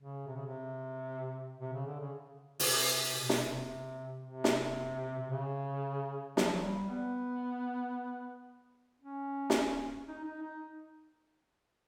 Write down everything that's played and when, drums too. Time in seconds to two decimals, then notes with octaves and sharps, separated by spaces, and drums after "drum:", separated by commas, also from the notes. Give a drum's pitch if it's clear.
0.01 C#3
0.27 C3
0.36 C#3
0.45 C3
1.60 C3
1.73 C#3
1.86 D3
1.99 C#3
2.60 C#3, drum: open hi-hat
2.66 C3
3.19 B2
3.29 B2, drum: snare
3.36 C3
3.54 C3
4.25 C3
4.44 drum: snare
5.19 C3
5.31 C#3
6.37 F#3, drum: snare
6.44 F3
6.52 F#3
6.63 G3
6.90 B3
9.01 C#4
9.50 drum: snare
10.07 D#4
10.25 D#4
10.42 D#4